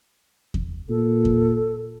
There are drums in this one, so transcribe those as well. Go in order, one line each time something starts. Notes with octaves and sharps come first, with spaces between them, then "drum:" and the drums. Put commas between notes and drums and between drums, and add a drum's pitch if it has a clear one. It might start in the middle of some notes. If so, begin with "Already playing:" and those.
drum: kick E2
A#2 A4
drum: kick E2